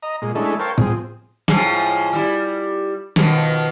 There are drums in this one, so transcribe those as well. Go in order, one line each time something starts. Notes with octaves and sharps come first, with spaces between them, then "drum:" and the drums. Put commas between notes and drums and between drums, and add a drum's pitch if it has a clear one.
D#5 A#5
A#2 G#3
G#3 A3 C#4 D4 E4 A4
A#4 C5 C#5 F5 G5 A5
F3 C4 G#4, drum: tom
A2 F3 G#3, drum: snare
G3 E4
B2 D#3 F3, drum: snare